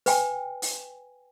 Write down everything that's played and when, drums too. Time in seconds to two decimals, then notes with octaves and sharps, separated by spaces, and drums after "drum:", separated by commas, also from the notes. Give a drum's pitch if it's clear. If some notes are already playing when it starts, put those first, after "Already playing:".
0.06 B4 G5 G#5, drum: open hi-hat
0.62 drum: open hi-hat